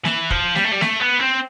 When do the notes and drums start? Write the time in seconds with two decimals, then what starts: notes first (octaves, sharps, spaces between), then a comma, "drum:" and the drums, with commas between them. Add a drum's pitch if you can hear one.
0.05 E3, drum: snare
0.30 F3, drum: kick
0.55 G3, drum: snare
0.64 A3
0.72 G3
0.81 A3, drum: snare
1.00 B3
1.19 C4